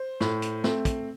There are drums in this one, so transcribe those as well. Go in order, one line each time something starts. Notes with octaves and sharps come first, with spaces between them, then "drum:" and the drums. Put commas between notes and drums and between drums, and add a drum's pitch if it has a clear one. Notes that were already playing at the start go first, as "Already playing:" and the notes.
Already playing: C5
A2, drum: snare
drum: hi-hat
A3 C4, drum: snare
drum: kick, hi-hat